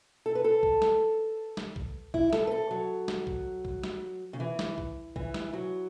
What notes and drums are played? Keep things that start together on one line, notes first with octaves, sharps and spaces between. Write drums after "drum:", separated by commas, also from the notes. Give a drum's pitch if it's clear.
A4
B4
A4
drum: kick B1
drum: snare
drum: snare
drum: kick B1
E4, drum: kick B1
A4, drum: snare
B4
A4
F#3
drum: snare
drum: kick B1
drum: kick B1
drum: snare
C#3
E3
drum: snare
drum: kick B1
E3, drum: kick B1
drum: snare
F#3